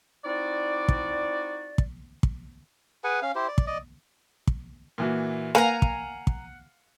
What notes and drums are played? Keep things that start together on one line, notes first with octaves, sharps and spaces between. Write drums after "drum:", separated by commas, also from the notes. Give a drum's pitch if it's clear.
C4 D#4 E4 F#4 D5
drum: kick
drum: kick
drum: kick
G#4 B4 F#5 G#5
C#4 F5
E4 G4 C5
D5
drum: kick
D5 D#5
drum: kick
A#2 E3 F#4
A#3 B4 F5 F#5 G#5 A#5
drum: kick
drum: kick